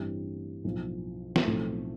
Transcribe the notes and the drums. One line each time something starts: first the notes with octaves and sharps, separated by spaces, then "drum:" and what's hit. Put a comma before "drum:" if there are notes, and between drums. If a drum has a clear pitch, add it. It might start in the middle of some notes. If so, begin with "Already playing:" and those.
Already playing: A1 G2 E3 G3 C4
B1 A2 F3
drum: snare
B1 A2 F3 A3 C4